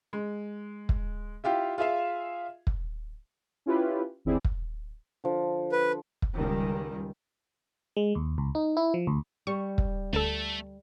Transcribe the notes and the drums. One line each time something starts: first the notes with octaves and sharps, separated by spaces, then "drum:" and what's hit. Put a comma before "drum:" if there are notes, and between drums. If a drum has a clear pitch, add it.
G#3
drum: kick
E4 F4 G4 F5
F4 G#4 E5 F5
drum: kick
C#4 E4 F4 G4 B4
G1 D#2 C4 E4 G#4 D5
drum: kick
D3 F3
B4
drum: kick
C#2 D#3 G3
G#3
D#2
C#2
D#4
E4
F3
D2
G3 C#6
drum: kick
D2 A3 A4 A5